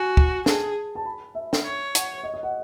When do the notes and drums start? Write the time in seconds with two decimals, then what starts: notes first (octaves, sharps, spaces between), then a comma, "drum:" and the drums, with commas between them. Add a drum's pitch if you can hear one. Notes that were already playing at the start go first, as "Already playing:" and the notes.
Already playing: F#4 G#5
0.17 drum: kick
0.46 G#4 A5, drum: snare
0.95 A5
1.05 B5
1.35 E5
1.53 drum: snare
1.65 C#5
1.95 F#5, drum: hi-hat
2.23 D#5
2.34 D#5
2.43 F#5